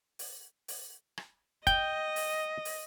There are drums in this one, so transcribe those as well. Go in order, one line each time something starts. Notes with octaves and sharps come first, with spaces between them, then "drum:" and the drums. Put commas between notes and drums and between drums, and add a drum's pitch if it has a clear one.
drum: open hi-hat
drum: open hi-hat
drum: rim click
D#5 G5, drum: kick, hi-hat
drum: open hi-hat
drum: open hi-hat